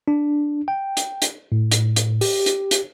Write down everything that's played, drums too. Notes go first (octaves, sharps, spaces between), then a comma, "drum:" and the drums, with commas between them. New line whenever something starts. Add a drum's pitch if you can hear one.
D4
G5
drum: hi-hat
drum: hi-hat
A2
drum: hi-hat
drum: hi-hat
G4, drum: open hi-hat
drum: hi-hat
drum: hi-hat